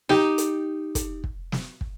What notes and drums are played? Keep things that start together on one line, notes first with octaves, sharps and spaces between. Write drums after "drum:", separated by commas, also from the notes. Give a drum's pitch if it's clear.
D#4 G4, drum: snare
drum: hi-hat
drum: kick, hi-hat
drum: kick
drum: snare
drum: kick